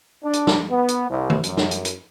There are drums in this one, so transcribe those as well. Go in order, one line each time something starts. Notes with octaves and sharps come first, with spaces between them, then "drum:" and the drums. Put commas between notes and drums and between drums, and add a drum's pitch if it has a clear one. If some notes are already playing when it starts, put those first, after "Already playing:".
D4
drum: hi-hat
drum: snare
B3
drum: hi-hat
C2
drum: tom D#3
F#2, drum: hi-hat
drum: snare
drum: hi-hat
drum: hi-hat